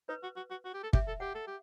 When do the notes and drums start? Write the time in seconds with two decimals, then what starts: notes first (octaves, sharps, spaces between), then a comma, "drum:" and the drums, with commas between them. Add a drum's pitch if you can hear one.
0.09 D#4 B4
0.23 F#4
0.36 F#4
0.51 F#4
0.65 F#4
0.74 G4
0.83 A4
0.93 G4 E5, drum: kick
1.07 A4
1.20 G4 F#5
1.35 A4
1.47 G4